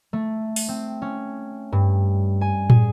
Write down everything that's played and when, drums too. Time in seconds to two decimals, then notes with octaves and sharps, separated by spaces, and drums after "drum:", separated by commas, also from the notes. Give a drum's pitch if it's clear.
0.13 A3
0.56 drum: open hi-hat
0.68 C4
1.02 C#4
1.72 G2
2.41 G#5
2.70 G#4, drum: tom